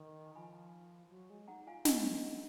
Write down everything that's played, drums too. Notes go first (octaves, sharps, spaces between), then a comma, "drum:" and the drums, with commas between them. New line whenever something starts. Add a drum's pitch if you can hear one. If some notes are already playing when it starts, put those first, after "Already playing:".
Already playing: D#3
A#5
F3 G#5 B5
F#3
G#3
D#4 F#5 A#5
F4 F5 G#5
C#4 D#5 F#5, drum: snare
A#3
G#3